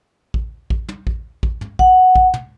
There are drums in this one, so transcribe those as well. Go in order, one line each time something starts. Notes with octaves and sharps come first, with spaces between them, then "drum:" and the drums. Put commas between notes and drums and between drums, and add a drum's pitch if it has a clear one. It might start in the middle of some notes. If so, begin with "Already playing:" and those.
drum: kick A1
drum: kick A1
drum: tom
drum: kick A1
drum: kick A1
drum: tom
F#5, drum: kick A1
drum: kick A1
drum: tom